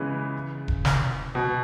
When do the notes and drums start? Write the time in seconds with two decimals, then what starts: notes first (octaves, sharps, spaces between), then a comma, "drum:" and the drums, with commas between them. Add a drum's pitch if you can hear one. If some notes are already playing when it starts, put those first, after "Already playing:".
Already playing: C#3 E3 G#3 B3
0.68 drum: kick E1
0.85 drum: snare
1.35 B2